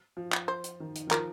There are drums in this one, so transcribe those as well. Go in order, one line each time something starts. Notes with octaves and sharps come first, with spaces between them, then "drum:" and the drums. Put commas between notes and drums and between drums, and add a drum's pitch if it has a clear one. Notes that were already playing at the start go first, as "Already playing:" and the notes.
F3
drum: clap
C5
drum: hi-hat
D#3
drum: hi-hat
D#3
F3 A#4, drum: clap